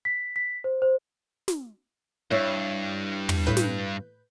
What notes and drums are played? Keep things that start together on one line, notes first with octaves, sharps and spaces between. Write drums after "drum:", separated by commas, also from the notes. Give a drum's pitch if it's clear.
B6
B6
C5
C5
drum: snare
G2 E4 C#5 E5
drum: tom
A2 B4 G6
drum: snare